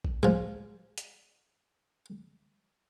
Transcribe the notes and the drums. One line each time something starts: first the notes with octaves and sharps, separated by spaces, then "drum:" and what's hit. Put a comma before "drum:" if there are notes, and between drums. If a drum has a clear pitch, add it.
drum: kick A1
F3 G#3, drum: tom
drum: hi-hat